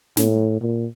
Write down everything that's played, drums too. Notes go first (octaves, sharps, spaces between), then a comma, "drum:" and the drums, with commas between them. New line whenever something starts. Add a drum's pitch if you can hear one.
A2, drum: snare
A#2